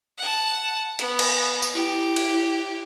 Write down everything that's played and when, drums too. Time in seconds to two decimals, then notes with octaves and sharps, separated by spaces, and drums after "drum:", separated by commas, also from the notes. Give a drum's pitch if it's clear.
0.18 F#5 A5
0.99 B3, drum: hi-hat
1.19 drum: cymbal
1.62 drum: tambourine
1.75 E4 G4
2.16 drum: cymbal